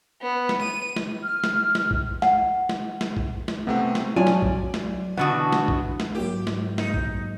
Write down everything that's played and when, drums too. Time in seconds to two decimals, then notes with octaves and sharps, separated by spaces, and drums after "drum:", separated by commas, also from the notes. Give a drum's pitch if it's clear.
0.22 B3
0.49 drum: snare
0.62 D#7
0.96 drum: snare
1.23 F6
1.44 drum: snare
1.75 drum: snare
1.91 drum: kick A#1
2.22 F#5, drum: snare
2.69 drum: snare
3.01 drum: snare
3.17 drum: kick A#1
3.48 drum: snare
3.67 C3 A3 B3 C4
3.95 drum: snare
4.16 F#3 C#4 F4 D5 G#5
4.27 drum: snare
4.42 drum: kick A#1
4.74 drum: snare
5.17 B2 D3 E3 F#4 F#5 C#6 D#6
5.52 drum: snare
5.68 drum: kick A#1
6.00 drum: snare
6.15 G#2 F#3 A#3 G4
6.47 drum: snare
6.78 D#4, drum: snare
6.94 drum: kick A#1